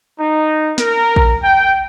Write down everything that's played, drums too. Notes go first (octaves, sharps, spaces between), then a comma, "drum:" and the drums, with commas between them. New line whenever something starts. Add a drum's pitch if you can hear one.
D#4
A#4, drum: snare
drum: kick
G5